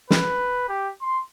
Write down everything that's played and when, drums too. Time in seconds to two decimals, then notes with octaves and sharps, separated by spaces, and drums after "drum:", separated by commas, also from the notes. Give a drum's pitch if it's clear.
0.10 B4, drum: snare
0.69 G4
1.02 C6